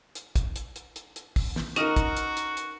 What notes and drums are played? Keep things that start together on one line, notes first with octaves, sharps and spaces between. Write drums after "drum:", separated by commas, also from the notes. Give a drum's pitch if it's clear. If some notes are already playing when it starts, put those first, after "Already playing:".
drum: hi-hat
drum: kick, hi-hat
drum: hi-hat
drum: hi-hat
drum: hi-hat
drum: hi-hat
drum: kick, open hi-hat
drum: snare
C#4 D#4 F#4 A#4 D#5 F6, drum: hi-hat
drum: kick, hi-hat
drum: hi-hat
drum: hi-hat
drum: hi-hat